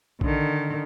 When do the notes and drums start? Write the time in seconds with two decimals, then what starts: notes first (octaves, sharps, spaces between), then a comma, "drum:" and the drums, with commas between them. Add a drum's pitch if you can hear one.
0.21 D3 D#3, drum: kick A#1